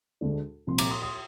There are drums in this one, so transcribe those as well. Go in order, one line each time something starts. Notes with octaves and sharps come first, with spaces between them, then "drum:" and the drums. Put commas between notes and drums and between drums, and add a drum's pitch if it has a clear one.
D2 D3 G#3 D4
C2 A#2 F3 C4 C6
A#5 D6, drum: cymbal
C6 D#6
C6 D#6